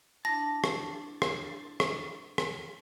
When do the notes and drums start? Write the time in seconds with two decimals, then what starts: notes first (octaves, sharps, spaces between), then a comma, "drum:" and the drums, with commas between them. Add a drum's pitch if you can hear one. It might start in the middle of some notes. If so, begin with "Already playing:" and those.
0.25 D4 E4 A5 A#6
0.64 drum: rim click
1.22 drum: rim click
1.80 drum: rim click
2.38 drum: rim click